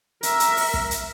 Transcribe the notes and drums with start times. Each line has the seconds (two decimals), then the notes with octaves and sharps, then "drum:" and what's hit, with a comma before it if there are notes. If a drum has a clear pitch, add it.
0.23 A#4 E5, drum: hi-hat
0.40 drum: hi-hat
0.57 drum: open hi-hat
0.74 drum: kick
0.91 drum: hi-hat